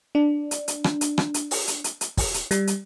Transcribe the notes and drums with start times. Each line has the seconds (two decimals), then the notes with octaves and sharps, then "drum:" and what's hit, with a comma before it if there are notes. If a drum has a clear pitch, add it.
0.15 D4
0.51 drum: hi-hat
0.68 drum: hi-hat
0.84 drum: rim click
1.01 drum: hi-hat
1.18 drum: rim click
1.34 drum: hi-hat
1.51 drum: open hi-hat
1.68 drum: hi-hat
1.84 drum: hi-hat
2.01 drum: hi-hat
2.17 drum: kick, open hi-hat
2.34 drum: hi-hat
2.51 G3, drum: hi-hat
2.67 drum: hi-hat